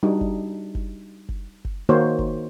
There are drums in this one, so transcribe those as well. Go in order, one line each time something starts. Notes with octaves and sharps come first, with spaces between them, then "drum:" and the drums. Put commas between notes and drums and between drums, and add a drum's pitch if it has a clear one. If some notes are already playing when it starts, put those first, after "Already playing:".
G3 D4 D#4 F#4
drum: kick F#1
drum: kick F#1
drum: kick F#1
drum: kick F#1
D#3 A#3 D#4 F#4 C5 C#5
drum: kick F#1